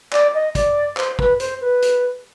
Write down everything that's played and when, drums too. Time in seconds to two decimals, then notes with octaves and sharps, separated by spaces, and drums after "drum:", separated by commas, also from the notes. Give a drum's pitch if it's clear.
0.13 D5, drum: clap
0.34 D#5
0.55 D5, drum: kick, hi-hat
0.97 C5, drum: clap
1.19 B4, drum: kick
1.40 C5, drum: hi-hat
1.61 B4
1.82 drum: hi-hat